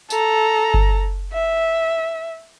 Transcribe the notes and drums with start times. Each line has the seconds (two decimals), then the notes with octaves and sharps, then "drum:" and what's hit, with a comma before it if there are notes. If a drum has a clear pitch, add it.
0.10 A4 A#5, drum: tambourine
0.74 drum: kick G1
1.33 E5